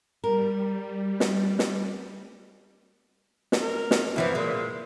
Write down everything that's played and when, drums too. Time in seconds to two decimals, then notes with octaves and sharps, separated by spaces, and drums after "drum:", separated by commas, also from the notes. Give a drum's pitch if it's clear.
0.24 G3 A#4
1.20 drum: snare
1.59 drum: snare
3.52 drum: snare
3.61 A#4
3.91 drum: snare
4.16 F#2 E3 F3 E4
4.35 A#2 G#3